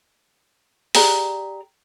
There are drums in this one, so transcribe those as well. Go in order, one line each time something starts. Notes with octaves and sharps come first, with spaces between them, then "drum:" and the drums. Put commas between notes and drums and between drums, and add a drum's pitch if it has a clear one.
G4 G#4 D5 A#5, drum: open hi-hat